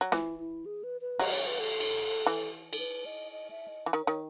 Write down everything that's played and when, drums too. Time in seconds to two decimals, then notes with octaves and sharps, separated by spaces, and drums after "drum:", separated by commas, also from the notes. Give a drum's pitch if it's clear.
0.01 F#3
0.12 E3 E4, drum: snare
0.39 E4
0.66 G#4
0.84 B4
1.01 B4
1.19 F#3 D#5, drum: cymbal
1.33 C#5, drum: cymbal
1.46 B4
1.59 A4
1.80 drum: cymbal
2.26 E3
2.73 A4, drum: cymbal
2.79 B4
3.06 D#5
3.32 D#5
3.50 E5
3.68 D#5
3.86 E3
3.93 D#3
4.03 D#3 C#5